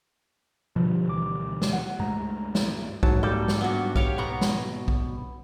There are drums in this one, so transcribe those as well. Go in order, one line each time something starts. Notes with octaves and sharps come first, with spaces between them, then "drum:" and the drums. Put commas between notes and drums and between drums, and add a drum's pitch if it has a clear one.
B2 D3 F3 G3
D2 E3 D6
drum: snare
F#5
C#2 G2 G#3 A3 A#5
drum: snare
G#2 F#3 A5, drum: kick B1
G3 A#3 G4 A4
drum: snare
G2 B3 F#4
G4 C#5 F5, drum: kick B1
B2 B3 F#5 A#5
drum: snare
drum: kick B1